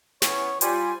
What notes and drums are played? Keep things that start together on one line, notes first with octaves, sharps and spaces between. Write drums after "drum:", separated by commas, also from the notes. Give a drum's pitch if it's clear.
E3 B3 C#4 C#5, drum: snare
G3 F4 C5 G#5, drum: hi-hat